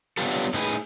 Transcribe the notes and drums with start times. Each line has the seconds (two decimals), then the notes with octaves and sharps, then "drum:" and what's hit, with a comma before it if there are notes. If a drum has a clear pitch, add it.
0.17 D3 F#3 B3 F4 G4 A4, drum: cymbal
0.32 drum: cymbal
0.54 A2 D#4 G#4 B4 F#5 G#5